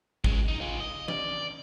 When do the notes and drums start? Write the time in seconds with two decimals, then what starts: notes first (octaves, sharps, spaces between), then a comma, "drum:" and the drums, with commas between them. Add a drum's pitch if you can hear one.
0.24 C#3 G#3, drum: kick G#1
0.48 D#4
0.61 F4 G#4
0.80 D#5
1.08 D5, drum: tom E3